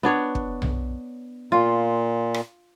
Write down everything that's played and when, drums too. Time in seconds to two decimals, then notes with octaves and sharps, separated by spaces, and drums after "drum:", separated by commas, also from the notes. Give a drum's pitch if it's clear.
0.03 B3 D4 C#5
0.35 drum: kick
0.62 drum: tom B1
1.52 A#2 F4
2.34 drum: rim click